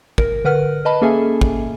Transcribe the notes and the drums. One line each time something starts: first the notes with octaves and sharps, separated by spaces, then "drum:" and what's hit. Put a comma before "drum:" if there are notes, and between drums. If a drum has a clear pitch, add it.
A#4, drum: kick
D3 A#4 B4 F#5 F6
B4 D#5 A5 B5
A#3 C#4 G#4 A4 E5 G#5
drum: kick